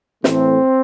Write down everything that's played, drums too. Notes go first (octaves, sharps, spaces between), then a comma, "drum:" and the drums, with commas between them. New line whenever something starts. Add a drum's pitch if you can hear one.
A2 E3 A3 C4, drum: snare